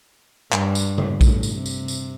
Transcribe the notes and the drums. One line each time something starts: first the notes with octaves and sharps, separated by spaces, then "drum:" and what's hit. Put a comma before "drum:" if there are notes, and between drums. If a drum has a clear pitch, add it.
G2, drum: clap
drum: tambourine
drum: tom C#3
A2, drum: kick A#1, tambourine
drum: tambourine
C3
drum: tambourine
drum: tambourine